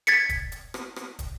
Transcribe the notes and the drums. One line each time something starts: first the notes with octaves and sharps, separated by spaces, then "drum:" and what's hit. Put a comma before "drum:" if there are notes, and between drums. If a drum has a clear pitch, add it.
G#6 A6 B6 C#7, drum: hi-hat
drum: kick, hi-hat
drum: hi-hat
drum: rim click
drum: rim click
drum: kick, hi-hat